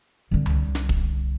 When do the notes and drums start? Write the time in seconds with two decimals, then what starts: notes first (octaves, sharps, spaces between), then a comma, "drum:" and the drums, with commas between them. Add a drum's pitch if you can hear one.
0.31 C2 D3
0.46 drum: tom C#2
0.75 drum: snare
0.89 drum: kick